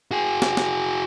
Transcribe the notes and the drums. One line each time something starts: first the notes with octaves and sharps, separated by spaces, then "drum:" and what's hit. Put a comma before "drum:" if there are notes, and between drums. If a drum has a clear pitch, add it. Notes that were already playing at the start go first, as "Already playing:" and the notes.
F#4 G#4
drum: snare
drum: snare